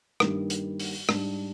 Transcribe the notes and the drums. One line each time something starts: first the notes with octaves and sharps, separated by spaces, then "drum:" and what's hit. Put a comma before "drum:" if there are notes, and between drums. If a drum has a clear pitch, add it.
G2 D#3 G3 A#3, drum: rim click
drum: hi-hat
drum: open hi-hat
G#2 G3 D4, drum: rim click